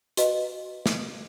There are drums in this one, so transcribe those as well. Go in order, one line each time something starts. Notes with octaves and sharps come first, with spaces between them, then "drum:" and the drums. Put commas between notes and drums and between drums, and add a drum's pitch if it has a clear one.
F#4 B4 D#5 F5, drum: hi-hat
drum: snare